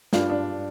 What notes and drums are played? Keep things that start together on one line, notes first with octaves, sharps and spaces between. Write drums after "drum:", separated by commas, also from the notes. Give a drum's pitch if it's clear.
G2 D4 F4, drum: snare
D4